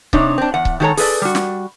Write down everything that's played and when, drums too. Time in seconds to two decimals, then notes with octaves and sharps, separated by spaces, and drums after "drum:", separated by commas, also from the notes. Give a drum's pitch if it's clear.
0.13 C3 D4 D#4 C#5, drum: kick C#1
0.38 C4 D4
0.54 E2 F#5
0.65 drum: kick C#1
0.80 D#3 G#3 G4 A4 C#5 A#5
0.97 G#4 A4 B4 D5, drum: open hi-hat
1.22 G3 F#4
1.35 drum: snare